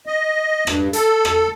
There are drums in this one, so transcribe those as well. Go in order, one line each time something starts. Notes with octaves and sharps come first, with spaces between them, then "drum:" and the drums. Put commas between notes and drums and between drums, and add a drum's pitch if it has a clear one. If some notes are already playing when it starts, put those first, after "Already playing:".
D#5
G2, drum: rim click
A4, drum: hi-hat
drum: rim click